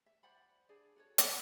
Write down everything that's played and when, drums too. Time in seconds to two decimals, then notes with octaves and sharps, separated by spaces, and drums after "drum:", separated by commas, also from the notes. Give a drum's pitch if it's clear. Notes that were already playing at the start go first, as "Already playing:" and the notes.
0.06 E5
0.23 C5 D5 F#5 B5
0.69 D4 G#4 D5
0.96 F#4 A4 C#5
1.18 F4 A#4 G5, drum: hi-hat